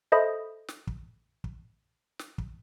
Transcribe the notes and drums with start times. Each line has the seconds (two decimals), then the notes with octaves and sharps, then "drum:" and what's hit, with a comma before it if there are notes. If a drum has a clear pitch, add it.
0.12 A4 C5 D#5 E5 B5 D#6
0.68 drum: snare
0.87 drum: kick
1.44 drum: kick
2.19 drum: snare
2.38 drum: kick